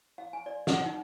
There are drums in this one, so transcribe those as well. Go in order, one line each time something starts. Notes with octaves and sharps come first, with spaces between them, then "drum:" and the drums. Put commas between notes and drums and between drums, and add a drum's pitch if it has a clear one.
F5
G#5
D5
F#5, drum: snare
D#4